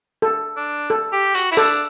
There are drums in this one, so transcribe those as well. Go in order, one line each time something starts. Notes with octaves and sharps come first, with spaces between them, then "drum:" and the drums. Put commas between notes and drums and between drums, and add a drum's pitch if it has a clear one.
A4
D4
A4
G4
F#4, drum: hi-hat
E4, drum: open hi-hat
D4 A4